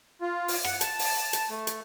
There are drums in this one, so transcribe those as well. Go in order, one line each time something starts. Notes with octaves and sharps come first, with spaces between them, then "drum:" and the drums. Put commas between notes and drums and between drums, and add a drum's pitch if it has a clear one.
F4
drum: open hi-hat
F#5, drum: rim click
A5, drum: hi-hat
drum: open hi-hat
drum: hi-hat
A3
drum: hi-hat